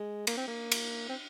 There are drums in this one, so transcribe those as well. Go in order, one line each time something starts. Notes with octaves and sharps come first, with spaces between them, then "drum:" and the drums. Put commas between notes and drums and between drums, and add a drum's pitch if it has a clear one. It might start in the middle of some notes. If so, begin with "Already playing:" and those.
Already playing: G#3
A#3, drum: cymbal
C4
A#3
drum: cymbal
C4